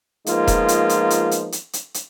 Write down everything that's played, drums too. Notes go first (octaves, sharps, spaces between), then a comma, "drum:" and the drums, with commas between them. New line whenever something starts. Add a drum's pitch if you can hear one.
F3 G#3 A#3 B3 D#4 F4, drum: hi-hat
drum: kick E1, hi-hat
drum: hi-hat
drum: hi-hat
drum: hi-hat
drum: hi-hat
drum: hi-hat
drum: hi-hat
drum: hi-hat